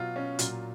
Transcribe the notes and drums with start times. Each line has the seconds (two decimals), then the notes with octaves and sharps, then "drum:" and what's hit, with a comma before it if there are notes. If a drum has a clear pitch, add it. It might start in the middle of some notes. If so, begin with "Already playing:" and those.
Already playing: B2 F#3 F4
0.16 C#4
0.39 A#2 F#3 F4, drum: hi-hat